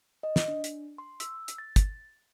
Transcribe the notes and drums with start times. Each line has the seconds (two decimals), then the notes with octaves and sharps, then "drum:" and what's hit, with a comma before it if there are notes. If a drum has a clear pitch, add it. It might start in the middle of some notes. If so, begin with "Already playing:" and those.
0.23 D#5
0.36 drum: snare
0.48 D4
0.64 drum: hi-hat
0.98 C6
1.20 E6, drum: hi-hat
1.48 drum: hi-hat
1.58 A6
1.76 drum: kick, hi-hat